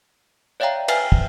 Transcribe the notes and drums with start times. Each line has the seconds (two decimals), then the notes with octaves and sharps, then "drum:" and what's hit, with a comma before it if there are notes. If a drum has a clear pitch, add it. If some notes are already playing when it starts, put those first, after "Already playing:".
0.60 C#5 D5 E5 F5 G5 A#5
0.88 B4 E5 G5 G#5 F6 C7, drum: cymbal
1.12 drum: kick